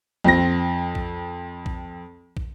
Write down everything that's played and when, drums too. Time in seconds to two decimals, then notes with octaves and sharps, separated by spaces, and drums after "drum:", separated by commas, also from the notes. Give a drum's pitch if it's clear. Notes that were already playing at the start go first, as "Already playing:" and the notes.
0.24 F2 C4 A#6, drum: kick
0.95 drum: kick
1.66 drum: kick
2.37 drum: kick